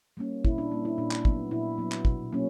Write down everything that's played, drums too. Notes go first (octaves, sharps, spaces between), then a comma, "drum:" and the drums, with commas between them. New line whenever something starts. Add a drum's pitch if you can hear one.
G3 A#3 C#4
A#2 E4, drum: kick
D4
G3 A#3 C#4
E4
A#2 D4
drum: clap
F#3 B3, drum: kick
A#2 E4
F#3 B3
drum: clap
B2, drum: kick
F#3 A#3 C#4